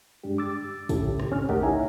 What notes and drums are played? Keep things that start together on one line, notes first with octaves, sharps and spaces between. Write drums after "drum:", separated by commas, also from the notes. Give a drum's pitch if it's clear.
G2 G#3 D4 G4
D6 E6 A6
A2 C#3 C#4 E4 G4 A4, drum: kick, open hi-hat
drum: rim click
C#4 F6
A3 D#4 G4 A#4 D#5 F#5, drum: kick
D#4 E4 C#5 E5 G#5 A#5